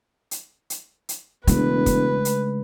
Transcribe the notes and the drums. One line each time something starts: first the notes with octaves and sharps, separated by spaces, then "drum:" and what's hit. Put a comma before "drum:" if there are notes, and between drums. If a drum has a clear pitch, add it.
drum: hi-hat
drum: hi-hat
drum: hi-hat
E1 C#3 G#3 A3 D4 B4, drum: hi-hat
drum: kick, hi-hat
drum: hi-hat